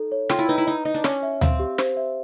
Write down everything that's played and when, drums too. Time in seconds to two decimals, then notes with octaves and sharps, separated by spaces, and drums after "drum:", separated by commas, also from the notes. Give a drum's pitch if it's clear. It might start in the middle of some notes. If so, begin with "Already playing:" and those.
Already playing: D#4 A4
0.12 C#5
0.30 F4 G5, drum: snare
0.39 E4
0.48 D#4 B4
0.58 E4
0.67 D#4 D#5
0.85 D#4 D#5
0.94 D4
1.04 C#4 C#5, drum: snare
1.23 E5
1.41 C4 F5, drum: tom D2
1.59 G4
1.78 C5, drum: snare
1.97 E5